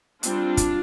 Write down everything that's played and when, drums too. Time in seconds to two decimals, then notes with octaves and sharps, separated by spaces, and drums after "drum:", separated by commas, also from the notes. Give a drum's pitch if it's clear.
0.23 G3 C4 D4 F4, drum: hi-hat
0.57 drum: kick, hi-hat